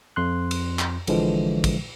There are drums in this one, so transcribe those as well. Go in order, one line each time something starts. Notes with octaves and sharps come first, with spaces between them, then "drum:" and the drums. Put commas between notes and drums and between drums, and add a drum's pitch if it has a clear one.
F2 C6 F#6
drum: cymbal
drum: clap
A1 D3 E3 F3 G#3, drum: cymbal
drum: kick, cymbal